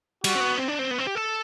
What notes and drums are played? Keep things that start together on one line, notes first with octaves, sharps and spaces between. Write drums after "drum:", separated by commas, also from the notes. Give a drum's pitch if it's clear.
G3 F#4, drum: cymbal
C4
B3
C4
D4
C4
B3
C4
G4
A4